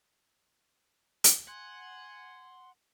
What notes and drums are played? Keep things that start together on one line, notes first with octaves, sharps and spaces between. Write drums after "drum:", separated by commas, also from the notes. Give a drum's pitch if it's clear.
drum: hi-hat
F#5 G#5 C6